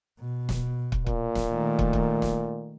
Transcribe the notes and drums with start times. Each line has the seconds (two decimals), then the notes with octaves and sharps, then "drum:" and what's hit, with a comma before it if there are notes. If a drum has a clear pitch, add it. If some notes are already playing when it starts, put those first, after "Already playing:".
0.20 B2
0.49 drum: snare
0.92 drum: kick
1.06 A#2, drum: kick
1.35 drum: snare
1.50 D#3 A3
1.79 drum: kick
1.93 drum: kick
2.22 drum: snare